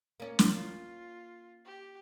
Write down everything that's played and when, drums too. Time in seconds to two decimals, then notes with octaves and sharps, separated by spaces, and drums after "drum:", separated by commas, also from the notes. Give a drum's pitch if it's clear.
0.20 A#3 C#4
0.39 drum: snare
0.54 F4
1.66 G4